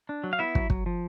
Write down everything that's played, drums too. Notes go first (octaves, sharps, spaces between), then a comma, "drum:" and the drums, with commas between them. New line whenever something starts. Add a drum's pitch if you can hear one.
D4
F#3
F5
B3 E4 E5
F#3, drum: kick
F#3, drum: kick
F3